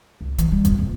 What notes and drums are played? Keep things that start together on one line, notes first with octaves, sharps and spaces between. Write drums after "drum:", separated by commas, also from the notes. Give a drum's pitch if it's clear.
C#2
E3, drum: hi-hat
G3
F2, drum: kick, hi-hat
D#1